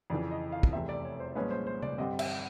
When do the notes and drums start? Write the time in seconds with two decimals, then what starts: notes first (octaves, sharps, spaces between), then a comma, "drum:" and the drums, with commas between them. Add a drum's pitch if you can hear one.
0.10 F2 C#3 E3 D5
0.31 D#5
0.52 F5
0.63 drum: kick
0.73 F1 E2 C3 E5
0.89 D5
1.05 C#5
1.20 C5
1.35 C2 A#2 F3 G#3 C#4 B4
1.51 C5
1.67 C5
1.82 D5, drum: tom C3
1.98 G2 D3 G3 C4 D#5
2.19 E5, drum: cymbal